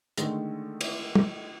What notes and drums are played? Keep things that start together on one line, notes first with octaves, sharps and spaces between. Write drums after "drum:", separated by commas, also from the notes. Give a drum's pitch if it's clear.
D3 D#3 G#3 A3, drum: hi-hat
drum: cymbal
drum: tom